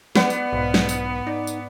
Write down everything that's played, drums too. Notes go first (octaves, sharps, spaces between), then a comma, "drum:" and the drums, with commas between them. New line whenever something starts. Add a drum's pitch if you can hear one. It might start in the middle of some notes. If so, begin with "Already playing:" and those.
B3 B4 D5 F#5, drum: snare
drum: tambourine
B1 G#2 F5
drum: snare
drum: tambourine
D#4 D5
drum: tambourine